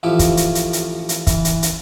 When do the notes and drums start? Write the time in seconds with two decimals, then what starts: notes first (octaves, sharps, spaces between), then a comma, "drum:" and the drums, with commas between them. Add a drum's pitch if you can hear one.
0.03 A1 F3 E4 G4
0.19 drum: kick, hi-hat
0.37 drum: hi-hat
0.55 drum: hi-hat
0.73 drum: hi-hat
1.09 drum: hi-hat
1.27 E3, drum: kick, hi-hat
1.45 drum: hi-hat
1.63 drum: hi-hat